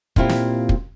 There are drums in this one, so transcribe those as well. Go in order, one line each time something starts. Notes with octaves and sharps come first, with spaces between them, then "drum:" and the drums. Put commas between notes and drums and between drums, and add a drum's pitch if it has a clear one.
A#2 B3 C4 E4 F4 G4, drum: kick
drum: snare
drum: kick